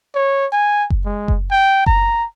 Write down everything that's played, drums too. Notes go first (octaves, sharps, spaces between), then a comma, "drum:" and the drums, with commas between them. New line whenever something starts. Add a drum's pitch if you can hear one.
C#5
G#5
drum: kick F#1
G#3
drum: kick F#1
G5
A#5, drum: kick F#1